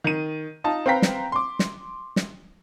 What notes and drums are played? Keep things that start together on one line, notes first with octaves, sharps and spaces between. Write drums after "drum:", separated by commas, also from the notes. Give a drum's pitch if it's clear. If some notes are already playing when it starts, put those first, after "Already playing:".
D#3 D#7
D#4 F4 A5
C4 B4 F5 G5 A#5 B6
drum: snare
C6 D6
drum: snare
drum: snare